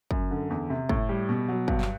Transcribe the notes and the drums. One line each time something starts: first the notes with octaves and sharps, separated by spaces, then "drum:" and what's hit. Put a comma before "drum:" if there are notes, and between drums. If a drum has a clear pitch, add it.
F#2, drum: kick
D3
E2
C3
A2, drum: kick
G3
B2
F#3
G2, drum: kick
drum: clap